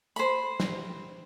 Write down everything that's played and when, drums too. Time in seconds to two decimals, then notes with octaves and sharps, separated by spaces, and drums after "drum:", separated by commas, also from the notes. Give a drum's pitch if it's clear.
0.16 C5 B5, drum: tambourine
0.60 drum: snare